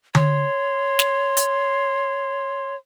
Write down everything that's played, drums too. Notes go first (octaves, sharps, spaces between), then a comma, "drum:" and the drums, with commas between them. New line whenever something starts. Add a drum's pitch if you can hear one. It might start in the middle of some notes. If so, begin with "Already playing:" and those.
C#5 C6, drum: tom D3
drum: snare
drum: hi-hat